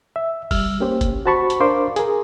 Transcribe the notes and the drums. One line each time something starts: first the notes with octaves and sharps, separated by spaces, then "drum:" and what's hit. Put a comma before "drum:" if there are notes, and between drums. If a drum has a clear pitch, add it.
E5
G3 E6 F6, drum: kick F1, open hi-hat
A#3 C#4 G4 C5
drum: kick F1, hi-hat
F#4 C5 A5 B5 C#6
drum: hi-hat
D4 A#4 C5 F5 C6 D6
G#4 A#4, drum: hi-hat